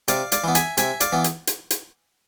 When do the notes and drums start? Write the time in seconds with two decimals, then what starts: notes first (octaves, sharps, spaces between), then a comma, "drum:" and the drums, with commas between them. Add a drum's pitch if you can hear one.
0.08 C3 D5 F5, drum: hi-hat
0.32 D5 F5, drum: hi-hat
0.44 E3 B3
0.55 E5 G#5, drum: hi-hat
0.77 C3 E5 G#5, drum: hi-hat
1.01 D5 F5, drum: hi-hat
1.12 E3 B3
1.24 drum: hi-hat
1.47 drum: hi-hat
1.70 drum: hi-hat